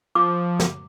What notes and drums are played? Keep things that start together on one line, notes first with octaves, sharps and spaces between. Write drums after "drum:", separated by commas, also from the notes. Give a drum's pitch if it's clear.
F3 D6
drum: snare